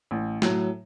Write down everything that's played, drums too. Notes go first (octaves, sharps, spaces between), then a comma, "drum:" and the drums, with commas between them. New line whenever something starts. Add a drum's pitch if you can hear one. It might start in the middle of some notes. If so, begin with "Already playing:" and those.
A1
A2 F#3, drum: snare